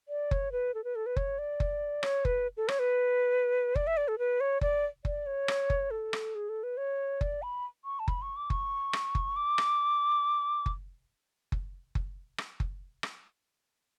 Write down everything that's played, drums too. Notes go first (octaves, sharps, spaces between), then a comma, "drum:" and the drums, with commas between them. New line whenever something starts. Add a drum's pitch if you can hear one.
D5
C#5, drum: kick F#1
B4
A4
B4
A4
B4
C#5, drum: kick F#1
D5
drum: kick F#1
C#5, drum: rim click
B4, drum: kick F#1
A4
C#5, drum: rim click
B4
D5, drum: kick F#1
E5
D5
A4
B4
C#5
D5, drum: kick F#1
D5, drum: kick F#1
C#5
drum: rim click
drum: kick F#1
A4
drum: rim click
G#4
A4
B4
C#5
D5, drum: kick F#1
B5
C#6
A5
B5, drum: kick F#1
C#6
D6
C#6, drum: kick F#1
drum: rim click
drum: kick F#1
D6
drum: rim click
drum: kick F#1
drum: kick F#1
drum: kick F#1
drum: rim click
drum: kick F#1
drum: rim click